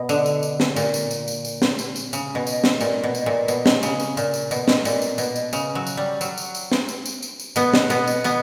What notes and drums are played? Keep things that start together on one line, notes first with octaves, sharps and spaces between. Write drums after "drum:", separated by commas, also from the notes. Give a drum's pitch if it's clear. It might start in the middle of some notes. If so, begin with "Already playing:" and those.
Already playing: B2
D3, drum: tambourine
drum: tambourine
drum: tambourine
drum: snare
A#2, drum: tambourine
drum: tambourine
drum: tambourine
drum: tambourine
drum: tambourine
drum: snare
drum: tambourine
drum: tambourine
C#3, drum: tambourine
B2
drum: tambourine
drum: snare
A#2, drum: tambourine
B2
drum: tambourine
A#2
B2, drum: tambourine
drum: snare
C#3, drum: tambourine
drum: tambourine
A#2, drum: tambourine
drum: tambourine
B2, drum: tambourine
drum: snare
A#2, drum: tambourine
drum: tambourine
B2, drum: tambourine
drum: tambourine
C#3, drum: tambourine
F#3
drum: tambourine
G3
F#3, drum: tambourine
drum: tambourine
drum: tambourine
drum: snare
drum: tambourine
drum: tambourine
drum: tambourine
drum: tambourine
B2 B3, drum: tambourine
drum: snare
B2 B3, drum: tambourine
drum: tambourine
B2 B3, drum: tambourine